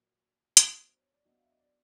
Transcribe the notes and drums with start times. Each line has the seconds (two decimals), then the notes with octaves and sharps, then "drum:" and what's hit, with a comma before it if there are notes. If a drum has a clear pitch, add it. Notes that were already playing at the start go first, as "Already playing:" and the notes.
Already playing: A#2 F#3 A#3
0.57 F#3 B3 D4, drum: hi-hat
0.86 C5
0.99 C#5
1.13 D5
1.25 F#3 B3 D4 D#5
1.36 F5
1.44 E5
1.51 D#5
1.59 D5